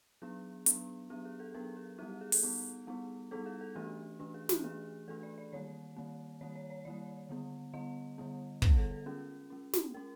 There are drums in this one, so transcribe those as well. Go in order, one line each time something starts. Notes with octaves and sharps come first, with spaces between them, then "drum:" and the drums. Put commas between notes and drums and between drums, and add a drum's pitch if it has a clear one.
F#3 B3 D4 G#4
F#3 B3 D4, drum: hi-hat
F#3 B3 D4 G4
G#4
A4
F#3 B3 D4 A#4
G#4
G3 B3 D#4 G4
G4
G#4
A4, drum: open hi-hat
G3 B3 D#4
G3 B3 D#4
G3 B3 D#4 A4
G#4
A4
E3 A3 D4 G4
E3 A3 D4
G#4
G4, drum: snare
E3 A3 D4 G#4
E3 A3 D4 A4
D5
D5
D#3 G3 A#3 C#5
D#3 G3 A#3
D#3 G3 A#3 C#5
C#5
C#5
D#3 G3 A#3 D5
D3 G3 B3
D3 G3 B3 D#5
D3 G3 B3
D3 G3 B3 B4, drum: kick
A4
A4
G#3 C#4 G#4
G#3 C#4
drum: snare
G#3 C#4 A#4